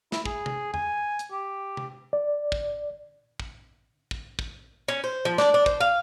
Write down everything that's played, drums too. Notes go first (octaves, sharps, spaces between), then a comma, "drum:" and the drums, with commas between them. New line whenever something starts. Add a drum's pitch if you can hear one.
E4, drum: snare
G#4, drum: kick
drum: tom C3
G#5, drum: tom E2
drum: hi-hat
G4
drum: tom C3
D5
drum: kick
drum: kick
drum: kick
drum: kick
C#4
C5
F3
D4, drum: snare
D4
C5, drum: kick
F5